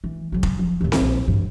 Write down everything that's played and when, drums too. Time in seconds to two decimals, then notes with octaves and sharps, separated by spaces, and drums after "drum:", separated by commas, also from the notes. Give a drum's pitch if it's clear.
0.04 E3
0.32 C#3 F#3
0.43 drum: kick F1
0.59 F3
0.81 D1 D#2
0.92 drum: snare C4
1.01 A#1
1.28 A1 G2